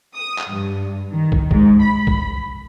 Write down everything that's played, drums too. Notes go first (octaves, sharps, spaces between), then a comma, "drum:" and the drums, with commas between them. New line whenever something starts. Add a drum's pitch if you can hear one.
D#6
drum: clap
G2
D#3
drum: kick
G#2, drum: kick
B5
drum: kick